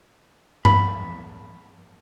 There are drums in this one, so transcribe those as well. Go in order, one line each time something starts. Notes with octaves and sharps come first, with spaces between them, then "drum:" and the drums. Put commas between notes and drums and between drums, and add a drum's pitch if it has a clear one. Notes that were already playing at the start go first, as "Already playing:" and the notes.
B5, drum: tom G2